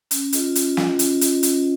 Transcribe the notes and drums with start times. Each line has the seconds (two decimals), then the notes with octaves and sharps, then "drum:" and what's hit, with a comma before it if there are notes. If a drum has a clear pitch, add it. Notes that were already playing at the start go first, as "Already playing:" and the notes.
0.11 C#4, drum: hi-hat
0.33 F4 G#4 D#5, drum: hi-hat
0.55 C#4, drum: hi-hat
0.77 F4 G#4 D#5, drum: snare
0.99 C#4, drum: hi-hat
1.21 F4 G#4 D#5, drum: hi-hat
1.43 C#4, drum: hi-hat